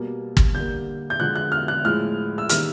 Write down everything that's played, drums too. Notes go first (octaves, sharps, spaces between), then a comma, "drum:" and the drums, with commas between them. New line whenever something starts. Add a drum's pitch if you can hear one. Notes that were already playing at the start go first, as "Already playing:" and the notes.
Already playing: B2 G3 A#3
drum: kick
D3 G3 A#3 G6
G6
D3 F3 G#3 F#6
F#6
F6
F#6
A2 F3 G#3 F6
E6
D#3 G3 A#3 F6, drum: hi-hat